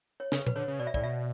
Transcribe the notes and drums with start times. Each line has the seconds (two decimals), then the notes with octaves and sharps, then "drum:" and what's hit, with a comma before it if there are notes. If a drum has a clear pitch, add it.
0.20 C#5
0.32 C#3 B4, drum: snare
0.47 B4, drum: tom A#2
0.56 D3 C#5
0.68 C#3
0.80 B2 D5
0.87 E5
0.94 A2 D5, drum: kick
1.03 B2 E5